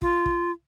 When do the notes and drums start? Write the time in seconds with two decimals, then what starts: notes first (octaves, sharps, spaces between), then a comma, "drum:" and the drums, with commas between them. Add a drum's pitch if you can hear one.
0.02 F4, drum: kick
0.26 drum: kick